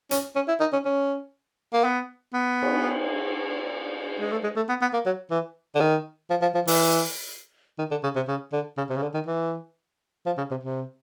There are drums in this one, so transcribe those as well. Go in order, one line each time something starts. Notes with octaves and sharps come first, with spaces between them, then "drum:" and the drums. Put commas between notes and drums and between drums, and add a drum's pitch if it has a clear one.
C#4, drum: hi-hat
C#4
E4
D#4
C#4
C#4
A#3
B3
B3
drum: cymbal
G#3
A3
G#3
A3
B3
B3
A#3
F#3
E3
D3
D#3
F3
F3
F3
E3, drum: open hi-hat
D#3
D3
C#3
C3
C#3
D3
C#3
C3
C#3
D3
D#3
E3
F3
C#3
C3
C3